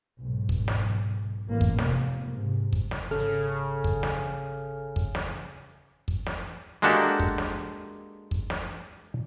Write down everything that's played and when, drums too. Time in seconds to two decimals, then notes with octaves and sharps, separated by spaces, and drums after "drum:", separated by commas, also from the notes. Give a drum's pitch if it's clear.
0.19 B1 G#2
0.49 drum: kick
0.68 drum: snare
1.48 A1 A#3
1.61 drum: kick
1.79 F1 A#3, drum: snare
2.27 G#2 C3
2.73 drum: kick
2.91 drum: snare
3.11 G#1 C#3 A4 F6
3.84 drum: kick
4.03 drum: snare
4.96 drum: kick
5.15 drum: snare
6.08 drum: kick
6.26 drum: snare
6.82 G#3 A#3 D4 F#4 G4 A4
7.20 drum: kick
7.38 drum: snare
8.31 drum: kick
8.50 drum: snare